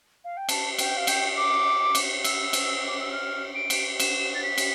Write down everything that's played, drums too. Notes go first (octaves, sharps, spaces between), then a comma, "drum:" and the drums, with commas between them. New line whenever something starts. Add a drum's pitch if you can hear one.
F5
G5
A5, drum: cymbal
G5, drum: cymbal
F5
G5, drum: cymbal
D6
drum: cymbal
E6, drum: cymbal
drum: cymbal
D6
E6
F6
D7
drum: cymbal
E7, drum: cymbal
A6
B6
drum: cymbal